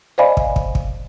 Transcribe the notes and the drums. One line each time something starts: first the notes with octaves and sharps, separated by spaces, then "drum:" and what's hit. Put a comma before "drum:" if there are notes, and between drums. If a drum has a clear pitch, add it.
C5 D5 D#5 F5 G#5 B5
drum: kick
drum: kick
drum: kick